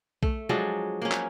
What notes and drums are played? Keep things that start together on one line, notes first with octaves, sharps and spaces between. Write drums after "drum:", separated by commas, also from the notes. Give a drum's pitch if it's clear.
A3, drum: kick B1
F3 F#3 G#3 D4
A#3 C#4
drum: clap